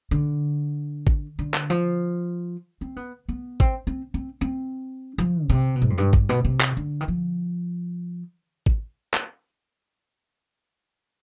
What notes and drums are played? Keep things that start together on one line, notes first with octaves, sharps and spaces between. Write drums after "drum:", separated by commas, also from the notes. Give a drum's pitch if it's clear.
D3
drum: kick G#1
D3
drum: clap
F3
C4
B3
B3
C4, drum: kick G#1
C4
C4
C4
F3
B2
C3
B2
G#2
F2
G2
G2, drum: kick G#1
B2
C3
drum: clap
D3
D#3
F3
drum: kick G#1
drum: clap